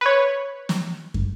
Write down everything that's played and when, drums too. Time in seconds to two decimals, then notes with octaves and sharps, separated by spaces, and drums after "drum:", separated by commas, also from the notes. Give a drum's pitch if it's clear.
0.01 B4 C#5
0.69 drum: snare
1.14 drum: kick